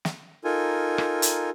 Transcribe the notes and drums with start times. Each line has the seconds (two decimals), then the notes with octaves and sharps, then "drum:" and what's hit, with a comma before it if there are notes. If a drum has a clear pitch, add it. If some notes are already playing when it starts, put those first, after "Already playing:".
0.05 drum: snare
0.44 D#4 F4 A4 A#4 G#5
0.98 drum: rim click
1.22 drum: hi-hat